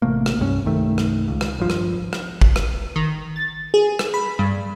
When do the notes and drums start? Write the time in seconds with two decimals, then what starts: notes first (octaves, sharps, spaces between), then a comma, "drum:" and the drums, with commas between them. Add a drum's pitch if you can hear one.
0.02 A1 C3 A3 A#3
0.26 drum: rim click
0.39 C2 G2 F#3 C#4
0.65 C2 G2 D#3 A3
0.98 drum: rim click
1.28 C#2
1.41 drum: rim click
1.58 G#1 G2 F3
1.70 drum: rim click
2.13 drum: rim click
2.41 drum: kick G#1
2.56 drum: rim click
2.96 D#3
3.36 A6
3.74 G#4
3.99 drum: rim click
4.14 B5
4.39 G2